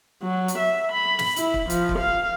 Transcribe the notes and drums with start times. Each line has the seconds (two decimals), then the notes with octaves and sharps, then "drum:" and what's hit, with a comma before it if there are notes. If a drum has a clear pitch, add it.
0.23 F#3
0.48 drum: hi-hat
0.58 E5
0.92 B5
1.19 drum: snare
1.36 E4, drum: hi-hat
1.54 drum: kick
1.70 F3, drum: hi-hat
1.89 drum: kick
1.99 F5